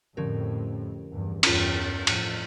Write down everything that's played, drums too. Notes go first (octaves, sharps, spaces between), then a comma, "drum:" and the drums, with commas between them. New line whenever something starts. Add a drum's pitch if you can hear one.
F2 A2 D3 F3 C#4 G4 A#4
E2 G2
E2 G2 C#4 F4 C#5, drum: cymbal
F2 A2, drum: cymbal